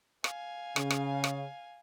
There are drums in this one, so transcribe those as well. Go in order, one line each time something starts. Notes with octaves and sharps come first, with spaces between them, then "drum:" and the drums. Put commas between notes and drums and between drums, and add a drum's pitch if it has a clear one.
F5 G#5, drum: rim click
C#3, drum: rim click
drum: rim click
drum: rim click